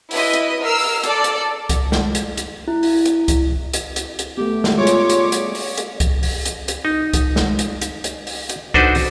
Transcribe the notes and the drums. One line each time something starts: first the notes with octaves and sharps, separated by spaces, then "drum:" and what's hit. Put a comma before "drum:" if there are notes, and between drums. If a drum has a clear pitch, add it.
E4 B4 D#5, drum: open hi-hat
drum: hi-hat
A#4 E6 F6 C7
drum: open hi-hat
A4 D5, drum: hi-hat
drum: hi-hat
drum: kick C2, hi-hat
drum: snare
drum: hi-hat
drum: hi-hat
E4
drum: open hi-hat
drum: hi-hat
drum: kick C2, hi-hat
drum: hi-hat
drum: hi-hat
drum: hi-hat
A3 B3 G4
drum: snare
G3 F4 G#4 C#5 D6
drum: hi-hat
drum: hi-hat
drum: hi-hat
drum: open hi-hat
drum: hi-hat
drum: kick C2, hi-hat
drum: open hi-hat
drum: hi-hat
drum: hi-hat
D#4
drum: kick C2, hi-hat
drum: snare
drum: hi-hat
drum: hi-hat
drum: hi-hat
drum: open hi-hat
drum: hi-hat
D4 D#4 F#4 A4 B4 C5, drum: kick C2
drum: open hi-hat